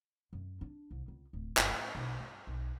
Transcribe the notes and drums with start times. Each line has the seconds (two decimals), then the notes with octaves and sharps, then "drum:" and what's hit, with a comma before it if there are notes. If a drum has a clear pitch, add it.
0.33 F#2
0.61 D4
0.91 C2
1.08 C#2
1.33 D1
1.57 G1, drum: clap
1.72 A2
1.95 B1
2.20 G2
2.47 B1